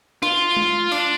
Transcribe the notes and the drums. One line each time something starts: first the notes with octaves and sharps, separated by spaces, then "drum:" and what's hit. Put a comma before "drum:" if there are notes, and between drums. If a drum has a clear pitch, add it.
F4, drum: snare
drum: tom G#3
D4, drum: open hi-hat